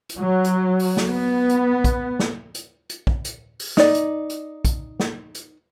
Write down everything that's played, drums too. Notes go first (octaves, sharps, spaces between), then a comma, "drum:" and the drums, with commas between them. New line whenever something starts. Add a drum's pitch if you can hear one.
drum: hi-hat
F#3
drum: hi-hat
drum: open hi-hat
drum: snare
B3
drum: hi-hat
drum: kick A#1, hi-hat
drum: snare
drum: hi-hat
drum: hi-hat
drum: kick A#1
drum: hi-hat
drum: open hi-hat
D#4 D5, drum: snare
drum: hi-hat
drum: hi-hat
drum: kick A#1, hi-hat
drum: snare
drum: hi-hat